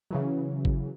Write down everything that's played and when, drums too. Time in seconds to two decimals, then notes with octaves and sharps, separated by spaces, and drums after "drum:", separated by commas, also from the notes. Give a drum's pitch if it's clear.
0.11 C#3 E3 F#3
0.65 drum: kick G1